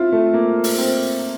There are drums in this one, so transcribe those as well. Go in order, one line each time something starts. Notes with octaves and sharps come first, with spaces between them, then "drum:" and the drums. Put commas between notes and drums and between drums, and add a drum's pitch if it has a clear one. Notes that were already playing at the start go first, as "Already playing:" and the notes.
Already playing: C4 E4 F4
A3
A#3
drum: open hi-hat
C4